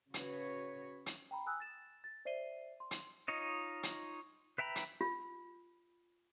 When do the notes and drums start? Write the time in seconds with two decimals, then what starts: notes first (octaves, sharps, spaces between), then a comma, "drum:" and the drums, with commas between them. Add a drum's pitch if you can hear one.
0.14 C#3 F#4 B4 C#5, drum: hi-hat
1.06 drum: hi-hat
1.31 G5 A#5 B5
1.46 G#5 D#6 E6 F#6
1.60 A6 E7
2.04 A6
2.25 C5 D5 E5 C7 D#7 G7
2.80 C6
2.91 drum: hi-hat
3.28 D#4 F4 C#5 D#5
3.83 drum: hi-hat
4.58 B4 E5 G5 A#5 B5
4.76 drum: hi-hat
5.01 F4